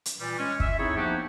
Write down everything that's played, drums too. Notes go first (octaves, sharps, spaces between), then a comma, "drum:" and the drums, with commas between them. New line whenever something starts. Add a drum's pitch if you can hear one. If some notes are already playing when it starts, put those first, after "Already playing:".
drum: hi-hat
A#2 E3 G3
G#3 C#4
E5, drum: kick
C4 D#4 E4 G#4 A4 C#5
F3 A#3 B3 D#4 F#4 G4